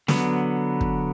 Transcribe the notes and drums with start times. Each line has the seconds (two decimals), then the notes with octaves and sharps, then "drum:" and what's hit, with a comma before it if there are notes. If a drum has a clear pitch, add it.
0.08 D3 F#3 B3, drum: snare
0.81 drum: kick